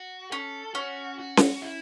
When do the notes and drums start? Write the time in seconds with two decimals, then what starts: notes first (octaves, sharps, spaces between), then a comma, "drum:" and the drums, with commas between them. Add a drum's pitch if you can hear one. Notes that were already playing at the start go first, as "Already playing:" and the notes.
Already playing: F#4
0.32 C#4 A4
0.75 C#4 F#4
1.19 F#4
1.37 drum: snare C#4
1.62 E4